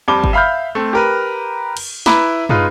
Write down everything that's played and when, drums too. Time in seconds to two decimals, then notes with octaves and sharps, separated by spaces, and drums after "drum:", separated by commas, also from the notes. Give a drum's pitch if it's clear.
0.08 F2 G3 B5 D6 G7
0.24 drum: kick G1
0.33 E5 F5 B5 F6 G6
0.75 A3 C4
0.93 G4 A#4 B4
1.77 drum: cymbal
2.06 E4 B4 E5 A#5 B5 D6, drum: snare
2.49 G#3 D#4 F4 B4, drum: tom